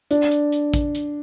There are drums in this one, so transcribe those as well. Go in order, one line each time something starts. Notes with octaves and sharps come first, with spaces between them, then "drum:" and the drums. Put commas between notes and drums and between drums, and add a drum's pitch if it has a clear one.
D4, drum: hi-hat
drum: hi-hat
drum: hi-hat
drum: kick A1, hi-hat
drum: hi-hat